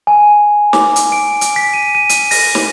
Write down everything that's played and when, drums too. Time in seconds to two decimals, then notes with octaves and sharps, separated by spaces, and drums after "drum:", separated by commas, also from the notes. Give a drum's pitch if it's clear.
0.07 G#5
0.73 D6, drum: snare
0.96 drum: hi-hat
1.12 D7
1.41 drum: hi-hat
1.56 B6
1.74 D#7
1.95 D#7
2.09 drum: hi-hat
2.31 A#6, drum: open hi-hat
2.55 drum: snare